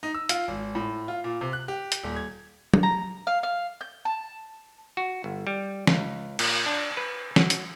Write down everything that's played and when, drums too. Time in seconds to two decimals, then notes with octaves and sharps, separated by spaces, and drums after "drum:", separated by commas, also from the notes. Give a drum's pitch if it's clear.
0.03 D#4
0.14 E6
0.29 F4, drum: hi-hat
0.48 G#1
0.75 A2
1.08 F4
1.24 A#2
1.41 C3
1.53 F#6
1.68 G4
1.92 drum: hi-hat
2.03 D#1
2.16 G#6
2.74 drum: tom F#3
2.83 A#5
3.27 F5
3.43 F5
3.81 G6
4.05 A5
4.97 F#4
5.24 G1
5.47 G3
5.87 C#2, drum: snare
6.39 A#2, drum: cymbal
6.66 D4
6.97 B4
7.36 F#3, drum: snare
7.50 drum: hi-hat